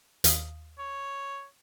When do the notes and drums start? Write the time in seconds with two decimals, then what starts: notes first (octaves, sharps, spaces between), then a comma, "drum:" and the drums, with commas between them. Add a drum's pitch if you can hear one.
0.24 D#2 F5 D#6, drum: hi-hat
0.78 C#5